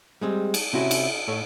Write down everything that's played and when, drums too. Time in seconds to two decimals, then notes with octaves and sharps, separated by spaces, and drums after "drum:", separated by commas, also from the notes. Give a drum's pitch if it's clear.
0.21 G3 G#3 C4
0.54 drum: cymbal
0.73 C3 C4 C#4 E4 F#4
0.91 drum: cymbal
1.28 A2 A4 C#5